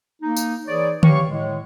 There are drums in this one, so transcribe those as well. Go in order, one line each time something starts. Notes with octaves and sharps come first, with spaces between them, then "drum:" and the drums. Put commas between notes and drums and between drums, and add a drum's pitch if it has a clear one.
A#3 D#4
drum: tambourine
E3 G#4 C#5 D5
E3 G4 C#5 F5 C#6, drum: tom D3
A2 G#3